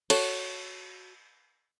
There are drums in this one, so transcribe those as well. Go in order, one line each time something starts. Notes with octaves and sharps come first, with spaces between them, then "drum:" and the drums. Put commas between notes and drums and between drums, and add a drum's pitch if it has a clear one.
F#4 A4 C#5, drum: cymbal